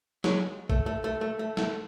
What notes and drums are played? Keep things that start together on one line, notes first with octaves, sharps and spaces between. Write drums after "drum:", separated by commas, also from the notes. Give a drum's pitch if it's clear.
F#3 G#3, drum: snare
A3, drum: kick A#1
A3
A3
A3
A3
A3, drum: snare